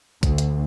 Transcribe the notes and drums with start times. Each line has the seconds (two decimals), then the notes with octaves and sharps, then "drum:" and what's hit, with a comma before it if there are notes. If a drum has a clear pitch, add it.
0.23 D2, drum: kick A#1, hi-hat
0.38 drum: hi-hat